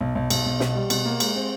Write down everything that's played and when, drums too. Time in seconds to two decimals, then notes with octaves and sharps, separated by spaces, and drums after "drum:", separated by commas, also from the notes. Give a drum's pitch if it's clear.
0.01 B1
0.15 B1
0.30 B1, drum: cymbal
0.46 B1
0.60 B2, drum: snare
0.75 G3
0.90 B2, drum: cymbal
1.05 A#3
1.20 G#3, drum: cymbal
1.35 C4